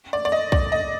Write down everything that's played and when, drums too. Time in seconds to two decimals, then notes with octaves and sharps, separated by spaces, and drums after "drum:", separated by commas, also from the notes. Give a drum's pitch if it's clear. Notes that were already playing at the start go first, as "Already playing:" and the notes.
0.13 D5
0.25 D5
0.32 D#5
0.52 D5, drum: kick B1
0.72 D#5